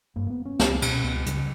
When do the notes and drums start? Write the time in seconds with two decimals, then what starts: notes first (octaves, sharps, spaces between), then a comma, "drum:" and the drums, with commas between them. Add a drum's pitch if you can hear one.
0.16 G2 A#3
0.30 B3
0.45 C#4
0.59 C#2 B3, drum: snare
0.82 B2 C#4, drum: cymbal
1.03 C#2 B3
1.15 G#3
1.26 C#3 G3, drum: hi-hat
1.37 G3